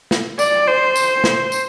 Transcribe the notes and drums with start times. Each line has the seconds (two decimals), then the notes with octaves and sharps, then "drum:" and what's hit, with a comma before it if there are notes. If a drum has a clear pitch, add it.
0.11 drum: snare
0.39 D5, drum: tambourine
0.67 C5
0.96 drum: tambourine
1.24 drum: snare
1.52 drum: tambourine